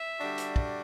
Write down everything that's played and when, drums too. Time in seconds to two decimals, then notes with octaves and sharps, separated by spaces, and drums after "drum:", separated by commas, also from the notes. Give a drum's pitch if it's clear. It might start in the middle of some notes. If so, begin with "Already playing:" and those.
Already playing: E5
0.19 D3 G3 D4 F#4
0.38 drum: hi-hat
0.56 drum: kick